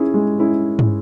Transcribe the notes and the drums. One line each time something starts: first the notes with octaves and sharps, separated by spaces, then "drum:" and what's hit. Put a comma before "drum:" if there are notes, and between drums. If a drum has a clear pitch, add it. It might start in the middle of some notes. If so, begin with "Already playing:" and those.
Already playing: C#4 E4 G#4
G#3
C#4 E4 G#4
drum: tom